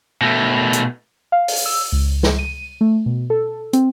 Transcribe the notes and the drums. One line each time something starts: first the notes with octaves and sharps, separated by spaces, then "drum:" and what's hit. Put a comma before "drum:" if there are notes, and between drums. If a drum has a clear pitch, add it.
B2 A3
drum: hi-hat
F5
drum: open hi-hat
E6
C#2
drum: snare
D#7
A3
B2
A4
C4, drum: hi-hat